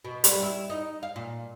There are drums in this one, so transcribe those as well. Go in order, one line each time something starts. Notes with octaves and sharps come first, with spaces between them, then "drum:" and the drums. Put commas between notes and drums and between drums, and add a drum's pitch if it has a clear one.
B2
G3, drum: hi-hat
E4
D#4
F5
A#2